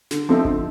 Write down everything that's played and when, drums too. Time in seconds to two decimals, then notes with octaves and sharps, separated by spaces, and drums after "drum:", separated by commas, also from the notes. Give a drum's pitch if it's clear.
0.11 D3, drum: snare
0.29 F3 A3 C4 D#4
0.45 D3, drum: kick G1